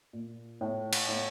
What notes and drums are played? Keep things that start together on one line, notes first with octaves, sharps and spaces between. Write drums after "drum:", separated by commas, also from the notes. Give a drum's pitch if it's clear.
A#2
A2
drum: cymbal
A2